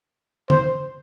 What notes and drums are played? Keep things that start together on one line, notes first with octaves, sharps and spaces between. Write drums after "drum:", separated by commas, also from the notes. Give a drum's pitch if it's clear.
C5, drum: tom D3